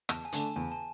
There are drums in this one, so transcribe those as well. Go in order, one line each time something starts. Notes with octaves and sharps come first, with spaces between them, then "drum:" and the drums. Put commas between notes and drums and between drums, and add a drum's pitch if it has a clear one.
E2 A5, drum: rim click
G#5
D3 A3 D4, drum: hi-hat
A5
E2 G#5
A5